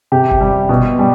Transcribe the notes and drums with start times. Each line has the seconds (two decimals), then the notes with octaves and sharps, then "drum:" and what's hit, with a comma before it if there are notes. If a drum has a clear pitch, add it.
0.12 C3 G4
0.31 drum: kick G1
0.41 G3
0.69 B2
0.99 G3